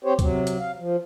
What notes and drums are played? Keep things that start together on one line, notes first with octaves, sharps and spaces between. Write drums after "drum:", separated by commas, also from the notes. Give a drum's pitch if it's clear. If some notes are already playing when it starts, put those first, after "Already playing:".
C4 G4 C5 C#5
C3 F#3, drum: kick, hi-hat
drum: hi-hat
F5
F3